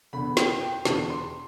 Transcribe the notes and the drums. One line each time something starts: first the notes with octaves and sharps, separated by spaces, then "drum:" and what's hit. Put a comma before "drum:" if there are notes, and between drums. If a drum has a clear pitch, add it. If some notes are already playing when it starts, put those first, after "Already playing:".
E1 E2 D3 B5
G5, drum: snare
G5
E1 E2 D3 A5, drum: snare
C6